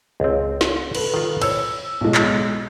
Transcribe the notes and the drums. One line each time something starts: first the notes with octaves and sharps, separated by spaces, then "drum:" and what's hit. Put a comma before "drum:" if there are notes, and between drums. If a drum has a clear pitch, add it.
C#2 C4
drum: snare
A4 B4, drum: cymbal
D#3 F4
C5 C#5 E6, drum: cymbal
B1 G#3
drum: clap